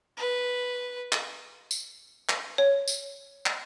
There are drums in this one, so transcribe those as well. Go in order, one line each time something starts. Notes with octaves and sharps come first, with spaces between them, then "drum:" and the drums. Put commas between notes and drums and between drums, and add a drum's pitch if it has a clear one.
B4
drum: clap
drum: tambourine
drum: clap
C#5
drum: tambourine
drum: clap